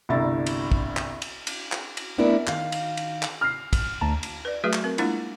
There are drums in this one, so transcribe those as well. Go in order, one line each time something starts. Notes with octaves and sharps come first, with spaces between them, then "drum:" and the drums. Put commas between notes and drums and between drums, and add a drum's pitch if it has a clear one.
G1 C2 D3 E4 A#5 A6
drum: cymbal
drum: kick
drum: clap
drum: cymbal
drum: cymbal
drum: clap
drum: cymbal
A3 B3 D4 E4 A#4
D#3 F5, drum: clap
drum: cymbal
drum: cymbal
drum: clap
F6 C7
drum: kick, cymbal
D2 A5 A#5
drum: cymbal
B4 D5
F#3 A3 F#4 G#4 B4 E5
drum: clap
C4 A#4
G#3 A#3 D4 E4 F4, drum: cymbal